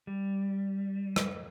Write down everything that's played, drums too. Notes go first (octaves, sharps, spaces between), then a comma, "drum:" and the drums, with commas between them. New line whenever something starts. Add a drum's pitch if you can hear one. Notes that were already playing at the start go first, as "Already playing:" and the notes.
G3
drum: rim click